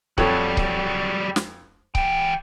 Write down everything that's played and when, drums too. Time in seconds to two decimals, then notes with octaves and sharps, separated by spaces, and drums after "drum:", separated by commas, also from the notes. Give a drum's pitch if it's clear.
0.18 F2 F#3 G3 A4 C#5, drum: kick C#1
0.57 drum: kick C#1
1.36 drum: snare
1.95 E3 G5, drum: kick C#1